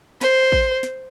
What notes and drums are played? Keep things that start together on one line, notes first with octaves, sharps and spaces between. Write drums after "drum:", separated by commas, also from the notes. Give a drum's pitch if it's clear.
C5, drum: snare
drum: kick A1
drum: snare